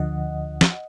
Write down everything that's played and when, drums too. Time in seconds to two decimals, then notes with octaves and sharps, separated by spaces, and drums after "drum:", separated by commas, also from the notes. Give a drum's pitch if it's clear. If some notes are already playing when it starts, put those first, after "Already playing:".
Already playing: D2 D3 F3 D#5 F#5
0.61 drum: snare